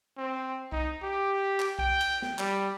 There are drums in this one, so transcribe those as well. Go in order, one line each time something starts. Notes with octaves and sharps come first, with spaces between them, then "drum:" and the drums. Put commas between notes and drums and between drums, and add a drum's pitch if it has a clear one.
C4
D#4, drum: kick C2
G4
drum: clap
G5, drum: kick C2
drum: cymbal
drum: snare
G3, drum: clap